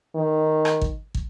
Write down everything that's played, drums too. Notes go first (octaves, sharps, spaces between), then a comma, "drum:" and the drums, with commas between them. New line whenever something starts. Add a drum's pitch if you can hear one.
D#3
drum: rim click
drum: kick
drum: kick